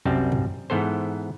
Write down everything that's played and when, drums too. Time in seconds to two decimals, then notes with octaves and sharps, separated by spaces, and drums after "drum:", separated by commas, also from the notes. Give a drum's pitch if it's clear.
0.05 C2 F#2 G3 C4 A5
0.32 drum: tom
0.70 G#2 E3 B3 A4 C5